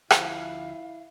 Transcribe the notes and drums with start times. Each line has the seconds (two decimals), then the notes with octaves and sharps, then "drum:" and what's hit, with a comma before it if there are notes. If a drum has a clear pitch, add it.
0.10 D2 F3 C#4 E4 F5, drum: rim click